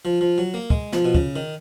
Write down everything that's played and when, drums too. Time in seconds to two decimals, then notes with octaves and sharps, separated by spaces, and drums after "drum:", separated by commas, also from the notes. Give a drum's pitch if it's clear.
0.05 F3
0.21 F3
0.38 F#3
0.54 A#3
0.70 G#3, drum: kick
0.93 F3, drum: snare
1.05 B2
1.15 C#3, drum: kick
1.36 D#3